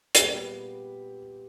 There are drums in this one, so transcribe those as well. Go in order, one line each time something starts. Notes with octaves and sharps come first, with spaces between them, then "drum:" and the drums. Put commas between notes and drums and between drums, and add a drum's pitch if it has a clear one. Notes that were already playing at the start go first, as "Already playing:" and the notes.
G#4, drum: hi-hat
A#2 G3 B3 G4